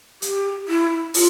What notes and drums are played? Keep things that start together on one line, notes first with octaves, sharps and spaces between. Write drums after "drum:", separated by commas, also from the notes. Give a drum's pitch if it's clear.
G4, drum: hi-hat
E4
F4, drum: open hi-hat